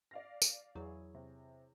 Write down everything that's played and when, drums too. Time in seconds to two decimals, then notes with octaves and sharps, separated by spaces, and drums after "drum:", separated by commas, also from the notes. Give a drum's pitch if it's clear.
0.11 D5 F5 A#6
0.42 drum: tambourine
0.75 E2 F#3 E4 G#4 C#5
1.14 C3